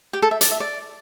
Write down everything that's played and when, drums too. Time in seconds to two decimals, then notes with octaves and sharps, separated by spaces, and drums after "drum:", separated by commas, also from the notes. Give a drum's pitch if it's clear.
0.13 G4
0.22 A4
0.31 E5
0.41 D5, drum: hi-hat
0.51 E5
0.60 D5